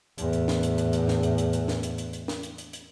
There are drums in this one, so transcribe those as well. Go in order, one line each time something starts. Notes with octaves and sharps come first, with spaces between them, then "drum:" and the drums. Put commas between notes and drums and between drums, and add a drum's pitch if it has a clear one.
E2 A2, drum: hi-hat
drum: hi-hat
drum: snare
drum: hi-hat
drum: hi-hat
drum: hi-hat
drum: snare
drum: hi-hat
drum: hi-hat
drum: hi-hat
drum: snare
drum: hi-hat
drum: hi-hat
drum: hi-hat
drum: snare
drum: hi-hat
drum: hi-hat
drum: hi-hat